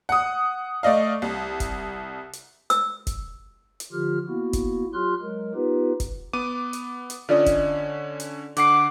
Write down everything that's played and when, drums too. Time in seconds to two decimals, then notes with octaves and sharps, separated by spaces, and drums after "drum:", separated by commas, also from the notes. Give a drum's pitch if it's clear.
0.09 F#5 D#6
0.83 A3 D5 D#5 F5
1.22 C2
1.60 drum: kick F#1, hi-hat
2.33 drum: hi-hat
2.70 E6, drum: hi-hat
3.07 drum: kick F#1, hi-hat
3.80 drum: hi-hat
3.92 D3 F3 F4 G4 F6
4.28 A#3 B3 E4 F#4
4.53 drum: kick F#1, hi-hat
4.94 F#3 F4 G4 C6 F6 F#6
5.22 F#3 G#3 A#4
5.54 B3 D#4 F4 G4 B4
6.00 drum: kick F#1, hi-hat
6.33 B3 D6 D#7
6.73 drum: hi-hat
7.10 drum: hi-hat
7.29 D3 C#4 F4 D5 D#5
7.46 drum: kick F#1, hi-hat
8.20 drum: hi-hat
8.57 D3 F#5 D6 C7, drum: hi-hat